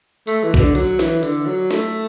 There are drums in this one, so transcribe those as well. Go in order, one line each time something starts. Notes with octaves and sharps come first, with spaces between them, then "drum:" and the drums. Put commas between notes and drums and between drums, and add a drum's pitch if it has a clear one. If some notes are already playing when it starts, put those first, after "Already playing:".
A3, drum: hi-hat
E3
B2, drum: kick B1
D3
F#3, drum: hi-hat
E3, drum: snare
D3, drum: hi-hat
F#3
A3, drum: snare